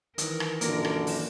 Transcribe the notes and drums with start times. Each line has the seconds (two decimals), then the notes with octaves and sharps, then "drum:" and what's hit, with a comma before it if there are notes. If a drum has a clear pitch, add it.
0.18 D#3 E3 A#4, drum: hi-hat
0.40 drum: rim click
0.61 F#2 A#2 D3 A#3, drum: hi-hat
0.85 drum: rim click
1.07 drum: open hi-hat